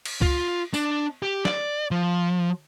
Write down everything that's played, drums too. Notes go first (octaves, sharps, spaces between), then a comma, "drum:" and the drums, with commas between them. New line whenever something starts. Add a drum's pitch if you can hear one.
drum: cymbal
F4, drum: kick C#2
D4, drum: tambourine
G4
D5, drum: snare
F3